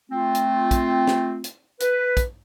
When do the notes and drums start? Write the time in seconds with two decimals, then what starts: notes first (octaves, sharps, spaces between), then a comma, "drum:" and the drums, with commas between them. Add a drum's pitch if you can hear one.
0.10 A3 C4 F4
0.35 drum: hi-hat
0.71 drum: kick, hi-hat
1.07 drum: snare
1.44 drum: hi-hat
1.80 B4, drum: hi-hat
2.17 drum: kick, hi-hat